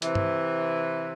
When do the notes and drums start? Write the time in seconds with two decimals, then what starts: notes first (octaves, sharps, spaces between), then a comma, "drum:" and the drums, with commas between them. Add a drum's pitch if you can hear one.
0.02 C3 E3, drum: hi-hat
0.15 drum: tom G2